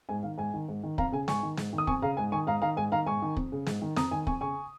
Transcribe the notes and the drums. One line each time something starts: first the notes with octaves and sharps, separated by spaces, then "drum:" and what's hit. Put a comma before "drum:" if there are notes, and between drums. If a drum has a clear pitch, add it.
G#2 G#5
D#3 F5
G#2 G#5
D#3
G#2
D#3
F2 F5 A#5, drum: kick
C#3 G#5
G#2 G#5 C#6, drum: snare
D#3
G#2, drum: snare
D#3
D#6
F2 G#5 C#6, drum: kick
C#3 F5 A#5
G#2 G#5
D#3 G#5 C#6
G#2 F5 A#5
D#3 F5 A#5
G#2 G#5
D#3 F5 A#5
G#2 G#5 C#6
D#3
F2, drum: kick
C#3
G#2, drum: snare
D#3
F2 A#5 D#6, drum: snare
D#3 G#5
F2 G#5 C#6, drum: kick
C#3 G#5 C#6